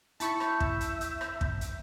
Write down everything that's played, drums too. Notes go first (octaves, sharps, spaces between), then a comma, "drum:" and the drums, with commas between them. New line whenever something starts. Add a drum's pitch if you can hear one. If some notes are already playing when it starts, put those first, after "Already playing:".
E4 E5 A5 B5 C#6 G6, drum: hi-hat
drum: rim click
drum: kick
drum: hi-hat
drum: hi-hat
drum: rim click
drum: kick
drum: hi-hat